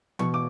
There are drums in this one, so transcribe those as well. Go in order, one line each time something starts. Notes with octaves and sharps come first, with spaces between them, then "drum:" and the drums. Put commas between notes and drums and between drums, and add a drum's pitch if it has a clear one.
B2 C#6, drum: tom E3
D6